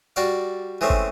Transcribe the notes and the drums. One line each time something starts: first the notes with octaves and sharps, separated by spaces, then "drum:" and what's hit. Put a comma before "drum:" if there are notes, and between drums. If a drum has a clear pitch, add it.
G3 F#4 D5 F5
E3 G#3 A3 C4 C#4
drum: kick